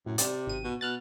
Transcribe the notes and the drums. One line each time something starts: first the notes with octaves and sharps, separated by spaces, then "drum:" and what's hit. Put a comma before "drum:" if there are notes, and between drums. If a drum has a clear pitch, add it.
F#2 A2
C3 D5, drum: hi-hat
G#1 D#7
B2
B2 F6 F#6 A6